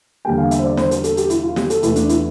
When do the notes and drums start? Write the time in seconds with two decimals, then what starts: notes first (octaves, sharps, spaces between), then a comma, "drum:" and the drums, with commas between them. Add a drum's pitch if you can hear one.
0.25 E2 D3 G3 A#3 G5
0.38 F5
0.51 E5, drum: hi-hat
0.59 C5
0.64 D5
0.77 C5, drum: snare
0.91 A#4, drum: hi-hat
1.04 A4, drum: hi-hat
1.17 G4, drum: hi-hat
1.30 E4, drum: hi-hat
1.43 F4
1.56 G4, drum: snare
1.70 A4, drum: hi-hat
1.83 E2 E3 A3 E4, drum: hi-hat
1.96 D4, drum: hi-hat
2.09 E4, drum: hi-hat